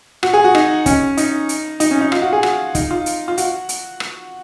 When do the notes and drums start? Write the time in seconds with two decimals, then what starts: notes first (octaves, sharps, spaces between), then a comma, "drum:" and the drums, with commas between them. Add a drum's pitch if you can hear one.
0.23 F#4, drum: rim click
0.34 G#4
0.44 F#4
0.55 D#4, drum: rim click
0.86 C#4, drum: kick, hi-hat
1.17 D#4, drum: hi-hat
1.49 drum: hi-hat
1.80 D#4, drum: hi-hat
1.91 C#4
2.01 D#4
2.12 F4, drum: rim click
2.22 F#4
2.33 G#4
2.43 F#4, drum: rim click
2.75 D#4, drum: kick, hi-hat
2.91 F4
3.06 drum: hi-hat
3.28 F4
3.38 F#4, drum: hi-hat
3.69 drum: hi-hat
4.00 drum: rim click